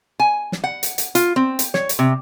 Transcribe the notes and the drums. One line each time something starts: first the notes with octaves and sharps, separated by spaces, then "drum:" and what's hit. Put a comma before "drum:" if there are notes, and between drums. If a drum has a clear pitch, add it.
G#5
drum: snare
F#5
drum: hi-hat
drum: hi-hat
F4, drum: hi-hat
C4
drum: hi-hat
C#5, drum: snare
drum: hi-hat
C3